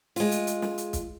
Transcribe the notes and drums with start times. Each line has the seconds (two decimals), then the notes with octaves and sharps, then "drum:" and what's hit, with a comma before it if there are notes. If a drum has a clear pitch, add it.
0.16 G#3 F4, drum: open hi-hat
0.32 drum: hi-hat
0.47 drum: hi-hat
0.62 drum: snare
0.78 drum: hi-hat
0.93 drum: kick, hi-hat